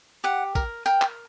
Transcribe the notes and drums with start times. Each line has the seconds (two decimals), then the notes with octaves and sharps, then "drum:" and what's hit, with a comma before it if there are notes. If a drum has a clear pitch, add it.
0.24 G4 F#5
0.55 A#4, drum: kick, tambourine
0.86 A#4 G5, drum: tambourine
1.02 drum: clap